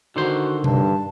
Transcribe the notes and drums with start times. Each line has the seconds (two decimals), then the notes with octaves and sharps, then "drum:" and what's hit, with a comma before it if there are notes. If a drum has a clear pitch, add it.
0.16 D3 D#3 F#4 C5
0.64 G2 A5, drum: tom B2